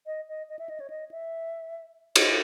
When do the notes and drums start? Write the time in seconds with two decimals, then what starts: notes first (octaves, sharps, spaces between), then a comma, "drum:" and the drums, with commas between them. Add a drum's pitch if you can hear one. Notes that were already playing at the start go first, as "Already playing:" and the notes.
0.06 D#5
0.28 D#5
0.49 D#5
0.59 E5
0.69 D#5
0.80 C#5
0.90 D#5
1.11 E5
2.16 D#5, drum: cymbal